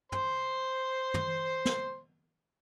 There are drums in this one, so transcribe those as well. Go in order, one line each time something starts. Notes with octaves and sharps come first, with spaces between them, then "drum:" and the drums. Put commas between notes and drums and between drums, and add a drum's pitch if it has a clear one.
C5 C6, drum: tom
drum: tom
drum: snare